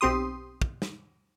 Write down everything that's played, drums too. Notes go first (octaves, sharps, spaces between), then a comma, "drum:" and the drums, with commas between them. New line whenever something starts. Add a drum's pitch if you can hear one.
B1 C4 G4 C6 D#6
drum: kick
drum: snare